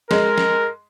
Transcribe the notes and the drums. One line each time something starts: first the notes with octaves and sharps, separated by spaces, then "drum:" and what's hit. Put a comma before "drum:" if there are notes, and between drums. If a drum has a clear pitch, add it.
G#3 A#4, drum: snare
drum: snare